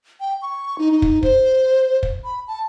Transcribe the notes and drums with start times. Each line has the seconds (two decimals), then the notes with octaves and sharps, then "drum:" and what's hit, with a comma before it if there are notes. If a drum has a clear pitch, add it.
0.20 G5
0.42 C#6
0.78 D#4
0.92 D#4
1.02 drum: kick
1.23 C5, drum: kick
2.03 drum: kick
2.24 B5
2.48 A5